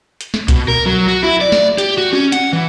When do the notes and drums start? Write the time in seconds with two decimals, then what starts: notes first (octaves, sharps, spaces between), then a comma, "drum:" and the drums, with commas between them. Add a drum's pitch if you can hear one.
0.21 drum: hi-hat
0.34 drum: snare
0.48 B2, drum: kick C2, hi-hat
0.68 A#4
0.86 F#3
1.08 F#4
1.23 E4
1.41 D5
1.52 drum: snare
1.78 G4, drum: hi-hat
1.98 F#4
2.13 C#4
2.32 F#5, drum: hi-hat
2.53 E3